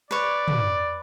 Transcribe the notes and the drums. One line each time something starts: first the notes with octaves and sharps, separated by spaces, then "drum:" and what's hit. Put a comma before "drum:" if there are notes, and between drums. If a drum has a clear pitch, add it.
B4 C#5 D5
drum: tom